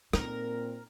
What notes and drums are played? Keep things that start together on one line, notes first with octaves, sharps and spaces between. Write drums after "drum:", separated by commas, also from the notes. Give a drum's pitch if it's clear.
A#2 C4 D#4 A#4, drum: rim click